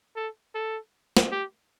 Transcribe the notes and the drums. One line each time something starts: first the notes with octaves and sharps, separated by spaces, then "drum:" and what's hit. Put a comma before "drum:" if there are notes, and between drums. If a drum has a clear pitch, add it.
A4
A4
drum: snare
G4